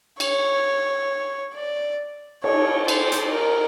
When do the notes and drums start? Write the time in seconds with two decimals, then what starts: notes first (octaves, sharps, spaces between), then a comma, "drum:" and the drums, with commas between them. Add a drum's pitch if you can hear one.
0.20 C#5, drum: cymbal
1.54 D5
2.44 C#5, drum: cymbal
2.88 C5, drum: cymbal
3.12 drum: hi-hat
3.33 A#4